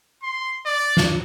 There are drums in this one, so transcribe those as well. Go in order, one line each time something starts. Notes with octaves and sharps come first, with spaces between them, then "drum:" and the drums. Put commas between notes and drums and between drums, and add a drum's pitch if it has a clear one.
C6
D5
drum: snare